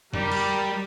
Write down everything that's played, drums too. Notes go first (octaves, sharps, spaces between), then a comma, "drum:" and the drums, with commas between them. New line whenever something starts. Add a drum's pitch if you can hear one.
G3 G4 A#4, drum: tom F2
drum: cymbal